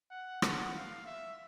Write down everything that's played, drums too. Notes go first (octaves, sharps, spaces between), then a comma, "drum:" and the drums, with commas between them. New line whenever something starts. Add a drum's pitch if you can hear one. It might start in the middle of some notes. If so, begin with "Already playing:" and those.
F#5
F#5, drum: rim click
F5
E5